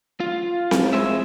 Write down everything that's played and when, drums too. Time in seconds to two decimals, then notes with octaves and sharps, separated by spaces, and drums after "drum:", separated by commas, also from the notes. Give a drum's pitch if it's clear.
0.20 F4
0.71 drum: snare C4
0.93 G#3 E5